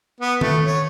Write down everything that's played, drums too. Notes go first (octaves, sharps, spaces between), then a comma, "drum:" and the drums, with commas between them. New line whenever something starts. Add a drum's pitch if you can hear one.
B3
A3, drum: tom D#3
C#5